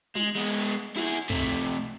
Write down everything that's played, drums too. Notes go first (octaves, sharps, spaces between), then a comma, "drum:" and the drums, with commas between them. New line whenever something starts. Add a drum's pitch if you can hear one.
G#3, drum: snare
G#3 B3
E4 G#4, drum: snare
C3 A3, drum: kick